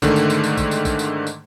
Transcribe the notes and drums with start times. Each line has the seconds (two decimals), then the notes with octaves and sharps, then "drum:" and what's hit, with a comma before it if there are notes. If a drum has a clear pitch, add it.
0.02 G#2 D3 D#3 A3, drum: kick, tambourine
0.16 drum: tambourine
0.30 drum: tambourine
0.44 drum: tambourine
0.57 drum: kick, tambourine
0.71 drum: tambourine
0.85 drum: kick, tambourine
0.99 drum: tambourine
1.27 drum: tambourine